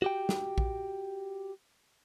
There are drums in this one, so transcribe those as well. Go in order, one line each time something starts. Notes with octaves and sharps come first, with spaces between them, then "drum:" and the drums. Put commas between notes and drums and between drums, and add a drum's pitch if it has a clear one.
F#4 G4 G5
drum: snare
drum: kick A#1